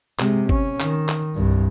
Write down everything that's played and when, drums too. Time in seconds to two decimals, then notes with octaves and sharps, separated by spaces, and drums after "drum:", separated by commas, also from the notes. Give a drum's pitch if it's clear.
0.19 C3 G#3, drum: clap
0.49 C#4, drum: kick
0.80 D#3, drum: clap
1.09 drum: clap
1.34 C2 G2